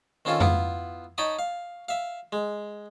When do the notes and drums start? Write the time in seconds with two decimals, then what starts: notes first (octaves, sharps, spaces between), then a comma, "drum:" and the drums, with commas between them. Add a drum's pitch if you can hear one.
0.25 D#3 C4 C#4 F4 A4
0.40 B3 E4 F4, drum: tom F2
1.18 D#4 C#5 G5 A5 B5 D#6
1.39 F5
1.89 E5 F5
2.32 G#3